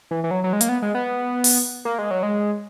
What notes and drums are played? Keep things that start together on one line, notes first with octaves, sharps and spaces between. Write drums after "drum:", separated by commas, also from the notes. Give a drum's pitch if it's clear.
E3
E3
F#3
F#3
G#3
A#3, drum: hi-hat
B3
G#3
B3
drum: open hi-hat
A#3
G#3
F#3
G#3